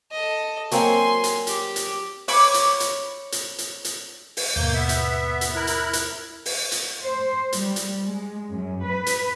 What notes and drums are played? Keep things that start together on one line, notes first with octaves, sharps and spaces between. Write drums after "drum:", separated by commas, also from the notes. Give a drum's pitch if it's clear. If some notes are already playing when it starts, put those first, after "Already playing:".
A4 D#5
F#3 A#3 C4 G#5 C6, drum: hi-hat
drum: hi-hat
G4, drum: hi-hat
drum: hi-hat
C#5 B5 D6, drum: open hi-hat
drum: hi-hat
drum: hi-hat
drum: hi-hat
drum: hi-hat
drum: hi-hat
drum: open hi-hat
D#2 G#2 B2 A#3 G6
B3 E5
drum: hi-hat
drum: hi-hat
E4 A#4 F#6
drum: hi-hat
drum: hi-hat
drum: open hi-hat
drum: hi-hat
C5
G3, drum: hi-hat
drum: hi-hat
G#3
F#2
B4
drum: hi-hat